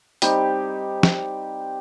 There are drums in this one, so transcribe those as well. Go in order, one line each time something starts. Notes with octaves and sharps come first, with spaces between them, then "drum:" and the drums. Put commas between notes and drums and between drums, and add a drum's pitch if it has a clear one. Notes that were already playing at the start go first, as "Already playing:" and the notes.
G3 C4 D#4 G4, drum: hi-hat
drum: snare